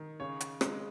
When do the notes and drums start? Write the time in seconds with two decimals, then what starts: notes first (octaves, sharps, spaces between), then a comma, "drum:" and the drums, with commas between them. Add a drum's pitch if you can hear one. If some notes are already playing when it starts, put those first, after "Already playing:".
Already playing: D#3
0.20 C#3 C#5
0.41 drum: hi-hat
0.61 G#3, drum: rim click